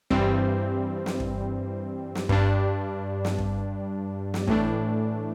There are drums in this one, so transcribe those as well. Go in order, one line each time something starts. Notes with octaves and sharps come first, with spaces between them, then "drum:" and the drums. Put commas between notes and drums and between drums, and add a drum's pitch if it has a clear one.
G2 E3 G3 C4, drum: kick
drum: snare
drum: kick
drum: snare
G2 G3 D4, drum: kick
drum: snare
drum: kick
drum: snare
A2 E3 A3 D4, drum: kick